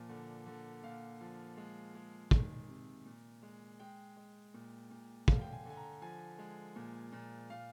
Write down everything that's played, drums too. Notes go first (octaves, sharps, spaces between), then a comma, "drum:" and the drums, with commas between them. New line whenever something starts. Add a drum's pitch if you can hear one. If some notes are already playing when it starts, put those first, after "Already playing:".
Already playing: A#2 F3
D3
D3
A#2 F5
F3
G#3
G#3
D#3, drum: kick
C3
A#2
G#3
G#3 G5
G#3
A#2
A#2
D3 F5, drum: kick
G5
G#5
D3 G#5
A#5
F3 G#5
G#3
A#2
A#2
A#2 F5